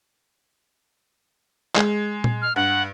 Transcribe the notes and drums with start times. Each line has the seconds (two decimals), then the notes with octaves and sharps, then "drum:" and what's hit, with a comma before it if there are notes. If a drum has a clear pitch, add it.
1.76 G#3, drum: clap
2.24 drum: tom A#2
2.42 F6
2.56 G2 F#5